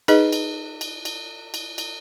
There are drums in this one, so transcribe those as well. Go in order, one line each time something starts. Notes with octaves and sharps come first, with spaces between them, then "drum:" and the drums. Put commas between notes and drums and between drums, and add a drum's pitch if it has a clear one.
D#4 G#4 B4 D#5, drum: cymbal
drum: cymbal
drum: cymbal
drum: cymbal
drum: cymbal
drum: cymbal